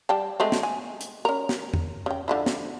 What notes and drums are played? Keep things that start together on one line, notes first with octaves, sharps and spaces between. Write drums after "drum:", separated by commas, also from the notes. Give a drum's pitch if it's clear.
G3 G5 A5
G#3 A3 C4
drum: snare
G#5
drum: hi-hat
C#4 A#4
drum: snare
drum: tom E2
C#3 G5
D3 F3 E4
drum: snare